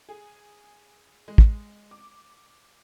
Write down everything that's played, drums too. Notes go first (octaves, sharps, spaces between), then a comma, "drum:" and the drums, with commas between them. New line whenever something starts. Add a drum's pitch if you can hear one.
G#4
G#3
drum: kick
D6